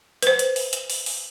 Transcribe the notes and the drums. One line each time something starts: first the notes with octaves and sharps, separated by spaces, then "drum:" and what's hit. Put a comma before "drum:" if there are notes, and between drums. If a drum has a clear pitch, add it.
B4 C5, drum: hi-hat
drum: hi-hat
drum: open hi-hat
drum: hi-hat
drum: open hi-hat
drum: open hi-hat